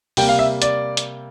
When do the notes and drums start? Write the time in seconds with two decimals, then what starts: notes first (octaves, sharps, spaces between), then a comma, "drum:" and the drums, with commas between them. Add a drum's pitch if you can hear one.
0.17 C3 G3 A#3 G5, drum: open hi-hat
0.29 F5
0.39 E5
0.62 D5, drum: hi-hat
0.97 drum: hi-hat